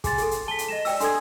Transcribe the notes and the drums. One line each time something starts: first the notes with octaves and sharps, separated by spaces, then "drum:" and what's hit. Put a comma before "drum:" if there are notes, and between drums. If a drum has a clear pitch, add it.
G#4 G#5 C6 A6, drum: kick, hi-hat
G#4 A4, drum: hi-hat
drum: hi-hat
A5 B6 G7
drum: hi-hat
D#5 A#6 E7
D5 G5 E6, drum: open hi-hat
D4 A4 C6 D#6 G#6, drum: hi-hat